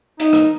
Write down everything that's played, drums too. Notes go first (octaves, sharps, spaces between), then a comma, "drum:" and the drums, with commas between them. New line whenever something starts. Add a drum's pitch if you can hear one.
D#4, drum: hi-hat
drum: rim click